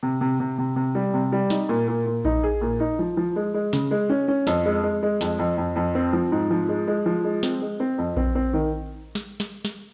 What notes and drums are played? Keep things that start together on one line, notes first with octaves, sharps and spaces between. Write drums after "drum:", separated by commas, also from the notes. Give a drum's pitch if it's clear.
C3
C3
C3
C3
C3
G3
C3
G3
D#4, drum: snare
A#2
A#2
A#2
D#4, drum: kick A#1
G#4
A#2
D#4
F3
F3
G#3
G#3
C#3, drum: snare
G#3
C#4
C#4
F2, drum: snare
G#3
G#3
G#3
F2, drum: snare
F2
F2
F2
C4
F3
G#2
F3
G#3
G#3
F3
G#3
C4, drum: snare
G#3
C4
F2
C4, drum: kick A#1
C4
D#3
drum: snare
drum: snare
drum: snare